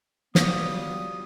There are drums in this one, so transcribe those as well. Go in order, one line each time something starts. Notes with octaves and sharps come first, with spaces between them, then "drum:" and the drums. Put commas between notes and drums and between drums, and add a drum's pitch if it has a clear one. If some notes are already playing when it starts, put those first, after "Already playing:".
F#3 G3 B3 F4 G4 D#6, drum: snare